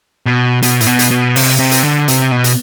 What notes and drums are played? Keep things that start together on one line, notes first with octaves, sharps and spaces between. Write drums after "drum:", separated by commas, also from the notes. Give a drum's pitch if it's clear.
B2
B2, drum: hi-hat
A2, drum: hi-hat
B2
drum: hi-hat
B2
C3, drum: open hi-hat
C3
drum: hi-hat
D3
C3, drum: hi-hat
B2
drum: hi-hat